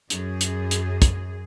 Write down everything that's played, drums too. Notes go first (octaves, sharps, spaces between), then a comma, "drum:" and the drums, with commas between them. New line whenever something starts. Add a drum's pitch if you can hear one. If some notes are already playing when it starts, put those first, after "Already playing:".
F#2 G#4, drum: hi-hat
drum: hi-hat
drum: hi-hat
drum: kick, hi-hat